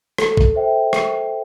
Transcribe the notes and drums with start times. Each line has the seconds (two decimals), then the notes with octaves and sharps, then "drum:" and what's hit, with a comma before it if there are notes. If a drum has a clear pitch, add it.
0.18 A4, drum: rim click
0.37 drum: kick
0.55 C5 E5 G5
0.93 drum: rim click